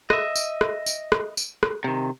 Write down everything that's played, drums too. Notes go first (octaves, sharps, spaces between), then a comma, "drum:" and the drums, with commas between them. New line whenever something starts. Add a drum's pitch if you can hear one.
D#5 E5, drum: rim click
drum: tambourine
drum: rim click
drum: tambourine
drum: rim click
drum: tambourine
drum: rim click
C3 D#3